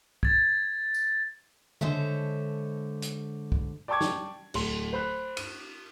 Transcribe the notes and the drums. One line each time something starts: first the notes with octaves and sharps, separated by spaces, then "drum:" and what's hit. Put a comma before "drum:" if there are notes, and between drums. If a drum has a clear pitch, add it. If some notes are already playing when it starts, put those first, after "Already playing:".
G#6 A6, drum: kick
drum: tambourine
D3 G#3 C5 C#5 E5 A5, drum: tom C#3
drum: hi-hat
drum: kick
D5 G5 A5 C#6 D6 G#6
drum: snare
D1 C6, drum: cymbal
C5 B5 F#6
D#7, drum: cymbal